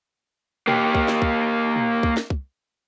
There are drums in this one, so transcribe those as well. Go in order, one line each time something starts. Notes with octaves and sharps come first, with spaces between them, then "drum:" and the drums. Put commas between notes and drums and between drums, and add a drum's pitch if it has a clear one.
A#3 G4, drum: tom A#2
drum: kick
drum: snare
drum: kick
drum: tom A#2
drum: kick
drum: snare
drum: kick